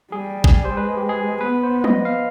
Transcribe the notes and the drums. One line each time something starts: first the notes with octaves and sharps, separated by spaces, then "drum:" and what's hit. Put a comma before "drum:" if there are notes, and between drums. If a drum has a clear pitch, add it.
G3 G#4
G#4, drum: kick
C5
G#3 B4
G4
G#4
B3 B4
C5
D#5, drum: tom
F5